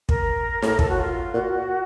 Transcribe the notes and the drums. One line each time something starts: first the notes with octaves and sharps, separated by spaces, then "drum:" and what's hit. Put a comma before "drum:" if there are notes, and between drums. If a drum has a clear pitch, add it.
A#4, drum: kick
A2, drum: snare
A4, drum: kick
F#4
F4
A#2 F#4